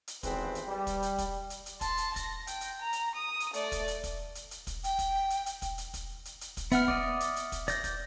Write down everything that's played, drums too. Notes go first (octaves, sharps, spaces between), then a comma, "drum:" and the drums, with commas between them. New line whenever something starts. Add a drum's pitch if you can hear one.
drum: hi-hat
G#1 E2 G#3 C4 G4 B4, drum: kick, hi-hat
drum: hi-hat
G3
drum: kick, hi-hat
drum: hi-hat
drum: kick, hi-hat
drum: hi-hat
drum: hi-hat
A5 C6, drum: kick, hi-hat
drum: hi-hat
A#6, drum: kick, hi-hat
G5, drum: hi-hat
drum: hi-hat
A#5
drum: hi-hat
D#6
drum: hi-hat
A3 D5, drum: hi-hat
drum: kick, hi-hat
drum: hi-hat
drum: kick, hi-hat
drum: hi-hat
drum: hi-hat
drum: kick, hi-hat
G5, drum: hi-hat
drum: kick, hi-hat
drum: hi-hat
drum: hi-hat
drum: kick, hi-hat
drum: hi-hat
drum: kick, hi-hat
drum: hi-hat
drum: hi-hat
drum: kick, hi-hat
B3 E5 F#5 F6, drum: hi-hat
D5 D#5, drum: kick
drum: hi-hat
drum: hi-hat
drum: kick, hi-hat
D5 G6 A#6, drum: hi-hat
drum: kick, hi-hat